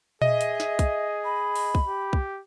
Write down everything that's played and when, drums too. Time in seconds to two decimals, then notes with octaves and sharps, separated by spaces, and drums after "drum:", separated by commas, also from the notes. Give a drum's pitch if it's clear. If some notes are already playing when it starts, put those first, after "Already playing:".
0.22 G#4 D#5 E5, drum: tom A#2
0.41 drum: hi-hat
0.60 drum: snare
0.79 drum: kick, hi-hat
1.25 B5
1.56 drum: open hi-hat
1.75 drum: kick
1.87 G4
2.13 drum: kick